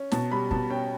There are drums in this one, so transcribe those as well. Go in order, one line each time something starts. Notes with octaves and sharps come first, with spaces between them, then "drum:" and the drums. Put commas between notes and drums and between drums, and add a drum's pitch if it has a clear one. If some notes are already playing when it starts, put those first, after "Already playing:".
Already playing: C#4
B2 A5, drum: snare
G3 B5
B2 A5, drum: kick
C#4 G5